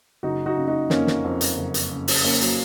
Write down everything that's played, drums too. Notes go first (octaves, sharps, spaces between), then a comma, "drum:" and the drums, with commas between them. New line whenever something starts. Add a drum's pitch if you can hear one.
F#1 D#4 F#4
D#4 F#4
C#3
D#4 F#4
F2 A#3 C#4, drum: snare
drum: snare
F2
drum: hi-hat
F#1
drum: hi-hat
C#3
drum: open hi-hat
C#3 A#3 C#4
F#3 A#3, drum: hi-hat